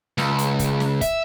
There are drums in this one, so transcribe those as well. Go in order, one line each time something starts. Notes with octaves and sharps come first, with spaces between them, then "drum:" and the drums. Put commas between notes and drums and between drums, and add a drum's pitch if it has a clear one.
C#2, drum: snare
drum: hi-hat
drum: kick, hi-hat
drum: snare
E5, drum: kick, hi-hat